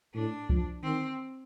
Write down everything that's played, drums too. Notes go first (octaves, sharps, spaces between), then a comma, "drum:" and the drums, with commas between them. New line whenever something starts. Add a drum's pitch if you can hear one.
A2 D4
F3, drum: kick C2
D#3 C4